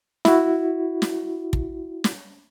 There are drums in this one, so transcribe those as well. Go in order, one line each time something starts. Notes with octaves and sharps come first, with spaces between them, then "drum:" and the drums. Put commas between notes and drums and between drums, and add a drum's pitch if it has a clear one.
E4 F#4, drum: snare
drum: snare
drum: kick
drum: snare